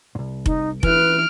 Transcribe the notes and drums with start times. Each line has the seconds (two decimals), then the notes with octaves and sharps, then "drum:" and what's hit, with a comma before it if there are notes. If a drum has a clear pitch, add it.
0.15 C2 G#2
0.46 D#4, drum: kick F1
0.83 E3 E4 B4 F6 D7, drum: kick F1